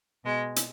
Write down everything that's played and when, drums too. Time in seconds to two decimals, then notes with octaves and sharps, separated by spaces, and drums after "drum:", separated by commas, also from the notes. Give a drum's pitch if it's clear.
0.24 B2 G#3
0.56 drum: hi-hat